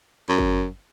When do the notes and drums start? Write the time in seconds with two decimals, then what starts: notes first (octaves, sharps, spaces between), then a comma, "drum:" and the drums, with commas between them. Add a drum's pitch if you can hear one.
0.29 F#2
0.38 drum: kick G1